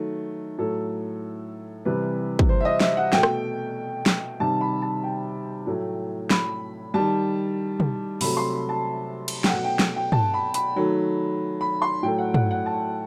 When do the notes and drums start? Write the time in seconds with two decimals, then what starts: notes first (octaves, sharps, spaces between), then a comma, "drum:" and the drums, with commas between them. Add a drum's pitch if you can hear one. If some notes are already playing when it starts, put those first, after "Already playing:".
Already playing: D#3 F#3 A3
0.58 A2 F#3 A3 A4
1.85 C3 E3 G3 B4
2.39 drum: kick
2.49 C5
2.60 E5
2.65 D#5
2.80 E5, drum: snare
2.97 F#5
3.13 B2 A3 G5, drum: snare
3.23 drum: rim click
4.06 drum: snare
4.40 C3 D#3 G3 A5
4.61 B5
4.82 A5
5.04 G5
5.67 A2 F#3 A3
6.30 B5, drum: snare
6.94 D#3 G3 A5
7.80 drum: tom
8.21 C3 F#3 A3 B5, drum: open hi-hat
8.37 C6
8.53 B5
8.69 A5
9.28 drum: cymbal
9.44 G5, drum: snare
9.48 B2 F#3 A3 F#5
9.64 G5
9.79 drum: snare
9.96 G5
10.12 A5, drum: tom
10.34 B5
10.54 B5, drum: hi-hat
10.76 D#3 F#3 A3
11.61 B5
11.82 C6
12.03 A2 F#3 A3 G5
12.19 F#5
12.34 F#5, drum: tom
12.51 F#5
12.66 A5